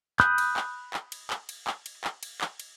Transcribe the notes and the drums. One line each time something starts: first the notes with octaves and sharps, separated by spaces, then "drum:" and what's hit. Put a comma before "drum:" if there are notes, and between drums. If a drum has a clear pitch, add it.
B5 D#6 F#6 G6, drum: clap
drum: cymbal
drum: clap
drum: clap
drum: cymbal
drum: clap
drum: cymbal
drum: clap
drum: cymbal
drum: clap
drum: cymbal
drum: clap
drum: cymbal